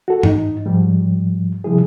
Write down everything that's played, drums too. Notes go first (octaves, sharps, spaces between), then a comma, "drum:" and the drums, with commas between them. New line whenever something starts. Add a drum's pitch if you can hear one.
F#4 A4
G#2 D#4, drum: tom G2
G#2 F3 G3
C3 F3 G3 E4 G#4